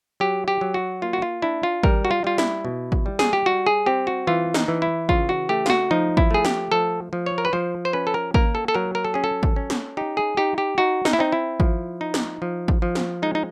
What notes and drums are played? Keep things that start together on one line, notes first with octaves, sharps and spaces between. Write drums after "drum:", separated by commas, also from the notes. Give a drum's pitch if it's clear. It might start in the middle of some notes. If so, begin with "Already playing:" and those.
F#3 G4
G4
F#3
F#4
A#3 F4
F#4
F4
D4 E4
F4
G3 A#4, drum: kick G#1
F#4
F4
G3 F4
E4, drum: snare
B2
drum: kick G#1
G3
G#4, drum: snare
G4
G3 F#4
G#4
C4 G4
F#4
E3 F4
D#4, drum: snare
E3
E4
C#3 F4, drum: kick G#1
F#4
A3 G4
F4, drum: snare
F#4
F3 D#4
E4, drum: kick G#1
A3 G#4
G4, drum: snare
F3 A4
F3
C#5
A#4
B4
F3 C5
C5
C#4 B4
A4
A#4
A#3 A#4, drum: kick G#1
A4
A4
F#3 A#4
A#4
A4
C#4 G#4
A4
drum: kick G#1
C#4
drum: snare
D#4 G4
G#4
D#4 G4
G4
D#4 F#4
D#4, drum: snare
E4
C4 D#4
E4
F3, drum: kick G#1
D#4
drum: snare
F3
drum: kick G#1
F3
drum: snare
G#3 D#4
D#4